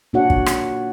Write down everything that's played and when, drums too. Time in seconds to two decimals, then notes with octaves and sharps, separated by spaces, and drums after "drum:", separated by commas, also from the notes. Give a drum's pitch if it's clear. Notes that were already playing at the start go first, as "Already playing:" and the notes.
0.13 A#2 D4 F#4 C#5 F#5
0.30 drum: kick
0.46 drum: rim click